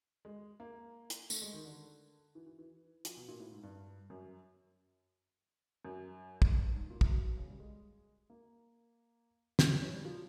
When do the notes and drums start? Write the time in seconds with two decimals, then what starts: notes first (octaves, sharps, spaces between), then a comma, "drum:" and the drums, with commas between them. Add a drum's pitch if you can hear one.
0.25 G#3
0.60 A#3
1.10 drum: hi-hat
1.30 A3, drum: tambourine
1.42 G#3
1.53 D#3
1.65 D3
2.35 E3
2.46 E3
2.58 E3
3.05 F3, drum: hi-hat
3.17 B2
3.28 A#2
3.40 A2
3.52 G#2
3.63 G2
4.10 F#2
5.85 F#2
6.42 drum: kick
6.55 G2
6.72 G#2
6.90 A#2
7.01 C3, drum: kick
7.08 B2
7.25 B2
7.37 C#3
7.48 G3
7.60 G#3
8.30 A#3
9.59 drum: snare
9.70 C4
9.82 C#4
9.93 G3
10.05 F3